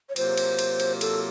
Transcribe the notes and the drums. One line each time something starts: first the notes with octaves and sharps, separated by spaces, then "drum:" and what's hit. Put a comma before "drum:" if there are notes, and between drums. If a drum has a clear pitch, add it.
C#5
C3 F#3 A#3 F4 C5, drum: cymbal
drum: cymbal
drum: cymbal
drum: cymbal
A4, drum: cymbal